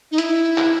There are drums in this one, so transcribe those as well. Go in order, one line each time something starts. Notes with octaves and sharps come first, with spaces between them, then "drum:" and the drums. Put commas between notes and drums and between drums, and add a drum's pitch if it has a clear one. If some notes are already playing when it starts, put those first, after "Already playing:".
D#4
E4, drum: hi-hat
drum: clap